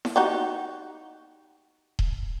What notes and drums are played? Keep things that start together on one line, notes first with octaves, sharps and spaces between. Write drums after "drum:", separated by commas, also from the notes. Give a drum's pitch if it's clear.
drum: snare E4
D#4 F#4 G4
drum: kick D#1